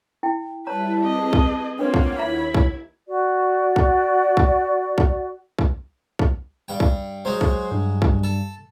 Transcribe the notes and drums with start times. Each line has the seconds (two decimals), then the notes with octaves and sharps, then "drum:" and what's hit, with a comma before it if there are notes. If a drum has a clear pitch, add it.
0.23 E4 G5
0.67 G3 E4 B4 C#5 A5 A#5
1.00 C4 G4 G#4 B4 D#5
1.33 drum: kick
1.79 A#3 C4 D4 F4 B4 C#5 F#5
1.94 drum: kick
2.19 D#2 E4 E5 A#5 B5 G#6
2.54 drum: kick
3.07 F#4 D5
3.76 drum: kick
4.37 drum: kick
4.98 drum: kick
5.59 drum: kick
6.19 drum: kick
6.68 G2 G5
6.80 drum: kick
7.25 F#3 G#3 C5
7.41 drum: kick
7.71 G2
8.02 drum: kick
8.24 A4